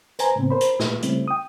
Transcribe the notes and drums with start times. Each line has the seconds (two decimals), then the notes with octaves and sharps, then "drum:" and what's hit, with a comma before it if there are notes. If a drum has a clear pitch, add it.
0.19 B4 C5 G#5 A#5, drum: hi-hat
0.36 A2 C#3 B3 C4
0.50 A#4 C5 B5
0.61 drum: hi-hat
0.79 A#2 E4 B4, drum: snare
1.02 C#3 G3 A3 C4 C#4 E4, drum: hi-hat
1.28 G5 D#6